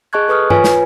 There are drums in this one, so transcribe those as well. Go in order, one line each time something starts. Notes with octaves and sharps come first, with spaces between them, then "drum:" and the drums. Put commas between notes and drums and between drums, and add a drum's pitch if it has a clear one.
G#4 D#5 A5 C#6 F#6 G#6
A4 B4 C#6 D#6 F6
F4 B4 C#5 G#5, drum: tom G2
drum: snare